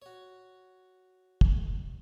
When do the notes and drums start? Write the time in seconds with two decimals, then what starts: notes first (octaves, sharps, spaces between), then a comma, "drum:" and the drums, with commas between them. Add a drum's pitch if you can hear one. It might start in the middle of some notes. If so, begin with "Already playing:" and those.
0.02 F#4 C#5
1.41 drum: kick